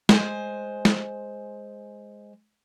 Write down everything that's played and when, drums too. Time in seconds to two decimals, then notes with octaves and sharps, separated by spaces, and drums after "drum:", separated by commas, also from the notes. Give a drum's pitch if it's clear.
0.09 G#3 C5 G#5, drum: snare
0.85 drum: snare